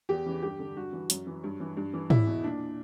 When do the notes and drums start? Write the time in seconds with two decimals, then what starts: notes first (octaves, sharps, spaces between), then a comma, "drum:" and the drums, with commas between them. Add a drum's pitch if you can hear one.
0.09 E2 G4
0.26 C#3 E3
0.43 G2 G4
0.59 D3
0.76 G2 F#4
0.93 E3
1.10 F#2, drum: hi-hat
1.27 E3
1.44 G2
1.60 E3
1.77 G2
1.94 E3
2.10 E2 E4, drum: tom
2.27 B2
2.44 A#2 D4